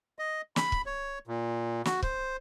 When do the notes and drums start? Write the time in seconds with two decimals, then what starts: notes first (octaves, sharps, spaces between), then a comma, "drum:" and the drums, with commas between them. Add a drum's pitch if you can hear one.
0.19 D#5
0.56 B5, drum: snare
0.72 drum: kick
0.86 C#5
1.27 A#2
1.85 F#4, drum: snare
2.02 C5, drum: kick